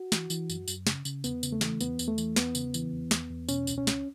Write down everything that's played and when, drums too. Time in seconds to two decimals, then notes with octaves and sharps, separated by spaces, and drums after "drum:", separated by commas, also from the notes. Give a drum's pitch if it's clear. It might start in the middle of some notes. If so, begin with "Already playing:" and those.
Already playing: F#4
0.12 E3, drum: snare
0.30 E3, drum: tambourine
0.50 F#2, drum: tambourine
0.68 F#2, drum: tambourine
0.87 C#3, drum: snare
1.05 C#3, drum: tambourine
1.24 E2 B3, drum: tambourine
1.43 C#3, drum: tambourine
1.52 A3
1.61 E3, drum: snare
1.81 E2 B3, drum: tambourine
1.99 E2, drum: tambourine
2.08 A3
2.18 E3, drum: tambourine
2.36 E2 B3, drum: snare
2.55 C#3, drum: tambourine
2.74 E3, drum: tambourine
2.92 E2
3.11 E2, drum: snare
3.31 E2
3.49 B2 C#4, drum: tambourine
3.67 C#2, drum: tambourine
3.78 C#4
3.87 C#2, drum: snare